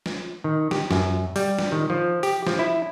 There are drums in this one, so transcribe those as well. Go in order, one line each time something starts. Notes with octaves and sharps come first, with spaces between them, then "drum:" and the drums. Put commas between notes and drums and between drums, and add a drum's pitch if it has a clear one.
drum: snare
D#3
G4, drum: snare
F#2, drum: snare
G3, drum: open hi-hat
drum: snare
D#3
F3
G4, drum: open hi-hat
F3, drum: snare
E4